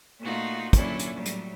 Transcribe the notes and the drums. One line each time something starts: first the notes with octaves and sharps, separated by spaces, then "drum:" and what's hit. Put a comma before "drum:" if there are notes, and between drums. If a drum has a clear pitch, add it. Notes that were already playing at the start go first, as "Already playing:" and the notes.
A#2 A3 D#4 F4 F#4
A#2 D3 F#3 C#4 D4 E4, drum: kick, hi-hat
drum: hi-hat
A2 F#3 G3
drum: hi-hat